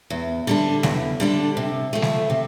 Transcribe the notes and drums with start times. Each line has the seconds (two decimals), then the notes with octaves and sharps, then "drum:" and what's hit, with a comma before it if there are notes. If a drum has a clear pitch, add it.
0.10 E2
0.47 D3 G3 D4
0.83 E2, drum: snare G3
1.20 D3 G3 D4
1.57 C3
1.93 F3 A3
2.02 drum: snare G3
2.30 C3